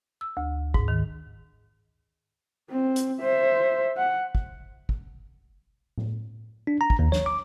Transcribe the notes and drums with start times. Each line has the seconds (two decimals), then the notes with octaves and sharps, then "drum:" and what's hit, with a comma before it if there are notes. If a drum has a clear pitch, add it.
0.21 E6
0.37 D2
0.74 G#2, drum: kick
0.88 D#3
2.71 C4
2.96 drum: hi-hat
3.22 C5 E5
3.97 F#5
4.35 drum: kick
4.89 drum: kick
5.98 drum: tom A2
6.67 D4
6.81 A#5
6.90 drum: kick
6.99 D#2
7.12 C#5, drum: snare
7.26 D6